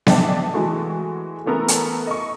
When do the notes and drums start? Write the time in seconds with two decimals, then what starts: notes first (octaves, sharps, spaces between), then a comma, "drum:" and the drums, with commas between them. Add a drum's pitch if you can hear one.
0.07 D4 D#5 E5 G5 A5, drum: snare B3
0.54 E3 G#3 A3 F#4
1.46 E3 A3 B3 A4 A#4
1.68 drum: hi-hat
2.07 D#5 C#6